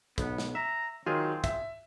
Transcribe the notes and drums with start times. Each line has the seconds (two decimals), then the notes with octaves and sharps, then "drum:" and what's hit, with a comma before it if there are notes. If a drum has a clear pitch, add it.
0.18 B1 B3, drum: kick, hi-hat
0.38 drum: snare
0.55 E5 A#5
1.06 D#3 F#3 C4 F4 G#4
1.44 E5, drum: kick, hi-hat